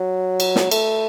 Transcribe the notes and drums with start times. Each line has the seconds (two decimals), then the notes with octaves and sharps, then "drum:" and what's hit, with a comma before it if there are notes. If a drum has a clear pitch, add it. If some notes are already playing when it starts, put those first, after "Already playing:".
Already playing: F#3
0.40 drum: cymbal
0.56 drum: snare
0.71 A3, drum: cymbal